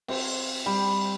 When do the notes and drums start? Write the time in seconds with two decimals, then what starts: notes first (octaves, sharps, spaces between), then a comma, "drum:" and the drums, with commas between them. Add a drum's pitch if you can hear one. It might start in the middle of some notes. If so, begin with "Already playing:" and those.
0.08 C4, drum: cymbal
0.66 G3